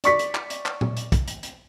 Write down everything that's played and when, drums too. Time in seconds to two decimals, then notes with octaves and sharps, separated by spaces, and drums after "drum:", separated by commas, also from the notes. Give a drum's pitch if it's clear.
0.04 D5 C#6 B6, drum: hi-hat
0.19 drum: hi-hat
0.35 drum: clap
0.50 drum: hi-hat
0.66 drum: clap
0.81 drum: tom A#2
0.97 drum: hi-hat
1.12 drum: kick, hi-hat
1.28 drum: hi-hat
1.43 drum: hi-hat